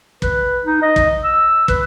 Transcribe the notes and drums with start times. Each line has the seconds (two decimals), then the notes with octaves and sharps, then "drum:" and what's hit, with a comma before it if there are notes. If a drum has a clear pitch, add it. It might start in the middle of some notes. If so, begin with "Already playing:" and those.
0.22 B4, drum: kick
0.65 D#4
0.82 D#5
0.96 drum: kick
1.24 E6
1.68 B4, drum: kick